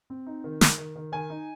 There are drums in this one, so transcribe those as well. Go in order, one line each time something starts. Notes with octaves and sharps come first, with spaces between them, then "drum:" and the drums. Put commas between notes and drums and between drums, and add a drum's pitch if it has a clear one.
C4
D#4
D#3
D#3, drum: snare
D#3
D#3
D#3 G#5
D#4